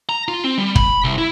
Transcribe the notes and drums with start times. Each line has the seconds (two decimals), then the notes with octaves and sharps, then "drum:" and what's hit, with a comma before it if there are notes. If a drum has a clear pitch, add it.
0.09 A#5
0.28 F4
0.44 C4
0.58 G3
0.75 B5, drum: kick
1.04 C2
1.18 E4